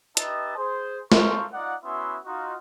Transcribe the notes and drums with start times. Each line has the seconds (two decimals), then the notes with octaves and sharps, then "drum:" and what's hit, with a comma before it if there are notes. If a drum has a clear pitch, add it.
0.17 D#4 G4 B4 D#5 E5 A5, drum: hi-hat
0.57 G#4 C5
1.12 A4 A#4 C5 F5 C#6, drum: snare
1.53 D#4 F4 D5 F#5
1.85 B3 C#4 E4 F#4 E5 C6
2.26 D#4 F4 F#4